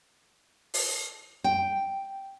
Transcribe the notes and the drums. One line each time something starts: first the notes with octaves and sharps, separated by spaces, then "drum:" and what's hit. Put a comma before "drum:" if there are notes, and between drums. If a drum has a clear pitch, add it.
drum: open hi-hat
G5